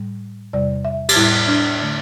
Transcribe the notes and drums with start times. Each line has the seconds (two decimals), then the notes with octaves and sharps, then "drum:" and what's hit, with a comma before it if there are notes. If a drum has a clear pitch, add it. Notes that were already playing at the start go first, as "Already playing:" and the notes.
Already playing: A2 G3
0.53 E2 C3 G3 D5
0.85 E5
1.09 G4, drum: cymbal
1.16 A2 G3 E4
1.48 D4
1.81 D3 A3